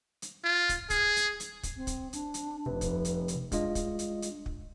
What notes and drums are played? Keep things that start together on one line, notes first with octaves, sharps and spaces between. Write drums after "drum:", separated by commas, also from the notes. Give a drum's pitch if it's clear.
drum: hi-hat
F4
drum: kick, hi-hat
G#4, drum: kick, hi-hat
drum: hi-hat
drum: hi-hat
drum: kick, hi-hat
C4
drum: kick, hi-hat
D4, drum: hi-hat
drum: hi-hat
F1 C3 B4
drum: kick, hi-hat
drum: hi-hat
drum: hi-hat
G#3 D4 F4 D#5, drum: kick, hi-hat
drum: kick, hi-hat
drum: hi-hat
drum: hi-hat
drum: kick